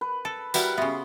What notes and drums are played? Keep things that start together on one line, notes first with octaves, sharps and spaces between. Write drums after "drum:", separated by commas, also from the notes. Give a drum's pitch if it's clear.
B4
A4
G3 E4 F#4 A#4 B4 F#5, drum: tambourine
C#3 B3 E5 C6